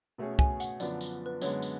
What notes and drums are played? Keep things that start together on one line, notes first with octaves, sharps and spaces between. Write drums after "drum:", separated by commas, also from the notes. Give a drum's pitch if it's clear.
B2 A3 C#4 G#4
G#5, drum: kick
F#5, drum: tambourine
F#2 D3 F3 B3 D4 D5, drum: tambourine
drum: tambourine
B4
F#2 D3 G#3 B3 C#5, drum: tambourine
drum: tambourine